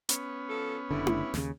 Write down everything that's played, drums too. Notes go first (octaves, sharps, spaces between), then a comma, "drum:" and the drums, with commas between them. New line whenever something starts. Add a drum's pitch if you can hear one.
B3 C#4, drum: hi-hat
F3 A4
F#1 G2 D3 E4
drum: tom E4
D#2 C#3, drum: snare